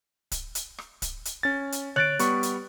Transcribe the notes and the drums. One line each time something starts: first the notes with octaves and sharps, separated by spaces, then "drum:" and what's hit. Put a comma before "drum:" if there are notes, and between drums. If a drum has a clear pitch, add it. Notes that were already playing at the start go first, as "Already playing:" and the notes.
drum: kick D1, hi-hat
drum: hi-hat
drum: rim click
drum: kick D1, hi-hat
drum: hi-hat
C#4 A6
drum: hi-hat
C#5 F#6 A6 D7, drum: tom D3
G3 B3 C#6, drum: hi-hat
drum: hi-hat